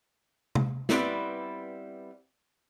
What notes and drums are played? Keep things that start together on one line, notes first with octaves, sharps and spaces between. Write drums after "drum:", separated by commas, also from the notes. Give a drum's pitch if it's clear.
drum: tom C3
G3 B3 C4 E4 B4 D5, drum: snare